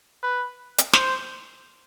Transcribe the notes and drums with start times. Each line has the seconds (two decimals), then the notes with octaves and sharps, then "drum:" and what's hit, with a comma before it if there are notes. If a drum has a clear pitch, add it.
0.23 B4
0.78 drum: hi-hat
0.93 C5, drum: snare